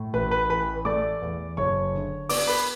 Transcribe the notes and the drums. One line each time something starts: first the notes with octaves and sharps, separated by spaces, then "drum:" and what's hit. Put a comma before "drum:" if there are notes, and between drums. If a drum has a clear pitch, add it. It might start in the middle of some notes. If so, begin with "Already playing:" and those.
Already playing: A2
A1 B4 B5
B4 B5
E3 B4 B5
A3 D5 D6
E2
F#1 C#5 C#6
D3
B3 D5 D6, drum: open hi-hat
B4 B5